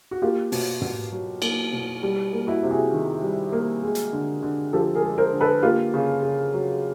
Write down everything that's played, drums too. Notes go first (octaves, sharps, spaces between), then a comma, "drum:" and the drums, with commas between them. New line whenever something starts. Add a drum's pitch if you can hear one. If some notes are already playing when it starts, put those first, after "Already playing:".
F#4
A#3 F4 G4
B2, drum: open hi-hat
B2, drum: tom
F#3
A#3, drum: cymbal
B2
G3
A#3
E4 F#4
C3
F#4 G#4
D#3
G3
A#3
G#3
drum: hi-hat
D3
D3
F3 G4 A4
G#4 A#4
G#3
A#4 C5
D3
A4 B4
A#3 F4 G4
C#3
C#3
F#3